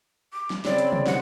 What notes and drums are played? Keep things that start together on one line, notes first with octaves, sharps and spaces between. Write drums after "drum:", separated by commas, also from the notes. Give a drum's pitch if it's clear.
D6
drum: snare
C#3 C4 E4 D5, drum: snare
drum: hi-hat
drum: tom
D#3 G4 C5 F#5, drum: snare